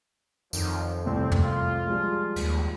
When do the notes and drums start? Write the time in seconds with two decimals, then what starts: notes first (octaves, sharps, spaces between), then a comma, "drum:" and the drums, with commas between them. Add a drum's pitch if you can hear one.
0.53 F2 D#3 F3 F#3, drum: tambourine
1.05 C2 A2 C3 C4
1.32 drum: tom
1.41 F4
1.87 F3 G3 G#3
2.36 D#2, drum: cymbal